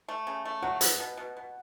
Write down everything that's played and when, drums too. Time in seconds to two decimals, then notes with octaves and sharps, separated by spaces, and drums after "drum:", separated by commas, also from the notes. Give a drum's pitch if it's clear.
0.08 A3
0.27 C#3
0.45 A3
0.62 F#3 F#5
0.81 B3, drum: hi-hat
1.00 B2
1.17 B2
1.37 B2